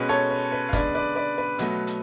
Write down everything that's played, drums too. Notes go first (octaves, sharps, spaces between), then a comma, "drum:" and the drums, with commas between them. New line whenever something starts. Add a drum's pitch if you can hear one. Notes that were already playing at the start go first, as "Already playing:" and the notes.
Already playing: B2 G#3 C#4 B4
A4 C#5
B4
B4
F5
D3 G#3 B3 D4 B4 D5, drum: kick, hi-hat
B4 D5
B4 D5
B4
B2 F#3 A3, drum: hi-hat
drum: hi-hat